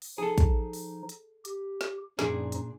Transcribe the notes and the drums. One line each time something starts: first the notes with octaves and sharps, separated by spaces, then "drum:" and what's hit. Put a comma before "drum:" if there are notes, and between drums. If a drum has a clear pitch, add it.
drum: open hi-hat
F3 D#4 G#4 A4
drum: kick, hi-hat
drum: open hi-hat
drum: hi-hat
G4, drum: hi-hat
drum: snare
F#2 A#2 F3 D4 D#4 G#4, drum: snare
drum: hi-hat